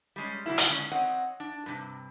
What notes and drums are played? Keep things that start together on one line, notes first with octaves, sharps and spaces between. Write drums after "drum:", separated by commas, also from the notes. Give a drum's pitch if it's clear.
G3 G#3 C#4
A#2 C#3 F#3 A#3 E4
drum: hi-hat
D3 G#3 C#4
C4 C#5 D#5 F#5
D4
G2 C3